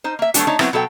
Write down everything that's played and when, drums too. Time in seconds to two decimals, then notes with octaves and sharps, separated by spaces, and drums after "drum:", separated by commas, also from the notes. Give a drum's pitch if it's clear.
0.04 D#4 C5
0.19 A#3 E5
0.34 F#3 G3 A3 B3 D4 F#4, drum: hi-hat
0.47 A3 D4 D#4 C#5
0.59 F#3 B3 C4 E4, drum: rim click
0.73 B2 F#3 A4 D5 G5